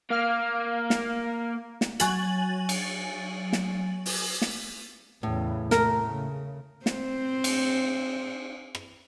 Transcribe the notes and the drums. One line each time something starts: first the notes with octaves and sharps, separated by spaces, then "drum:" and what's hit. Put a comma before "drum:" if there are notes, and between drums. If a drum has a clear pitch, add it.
A#3 F5 F6
drum: snare
drum: snare
F#3 G#5 A6 F#7, drum: hi-hat
drum: cymbal
drum: snare
drum: open hi-hat
drum: snare
E2 A2 C#3 E3
C3 A3 A#4, drum: snare
C#3
C4 C5, drum: snare
drum: cymbal
drum: rim click